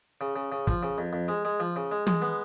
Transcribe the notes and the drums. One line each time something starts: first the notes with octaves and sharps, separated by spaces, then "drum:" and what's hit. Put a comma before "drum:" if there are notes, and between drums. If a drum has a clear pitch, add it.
C#3
C#3
C#3
F3, drum: kick
C#3
F2
F2
G#3
G#3
F3
C#3
G#3
G#3, drum: tom
B3